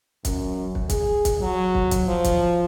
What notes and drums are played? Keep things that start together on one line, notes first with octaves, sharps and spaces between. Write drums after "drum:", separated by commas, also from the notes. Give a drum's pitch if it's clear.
F#2, drum: kick, hi-hat
drum: kick
G#4, drum: kick, hi-hat
drum: kick, hi-hat
F#3
drum: kick
drum: kick, hi-hat
F3
drum: kick, hi-hat